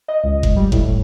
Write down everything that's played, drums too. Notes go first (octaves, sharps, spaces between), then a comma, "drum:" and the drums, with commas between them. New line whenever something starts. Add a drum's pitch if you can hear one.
D#5
C#2
drum: kick F#1
G3
A2, drum: kick F#1